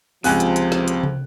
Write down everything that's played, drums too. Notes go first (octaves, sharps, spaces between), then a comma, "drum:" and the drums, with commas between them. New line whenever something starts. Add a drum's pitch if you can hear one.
C#2 C3 F3 G#5 F#6, drum: open hi-hat
drum: hi-hat
drum: hi-hat
drum: snare
drum: hi-hat
drum: tom